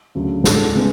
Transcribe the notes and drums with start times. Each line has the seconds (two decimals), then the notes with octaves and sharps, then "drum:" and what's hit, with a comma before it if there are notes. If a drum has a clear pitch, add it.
0.15 D2 C#3 F#3
0.44 A2 G#3 D4 A4, drum: snare
0.75 C#3 G#3 B3